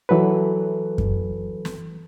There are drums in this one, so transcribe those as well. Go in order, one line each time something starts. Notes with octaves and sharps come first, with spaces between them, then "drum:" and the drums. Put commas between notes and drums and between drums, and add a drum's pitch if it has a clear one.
E3 F#3 A4 B4
drum: kick F#2
drum: snare